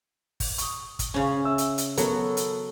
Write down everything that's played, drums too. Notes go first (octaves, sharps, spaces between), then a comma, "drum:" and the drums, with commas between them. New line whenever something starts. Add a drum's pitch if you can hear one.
drum: kick, open hi-hat
C#6 D#6, drum: hi-hat
drum: kick, hi-hat
C#3 C#4
E5 E6
drum: hi-hat
drum: hi-hat
F#3 B3 A4 A#4, drum: hi-hat
drum: hi-hat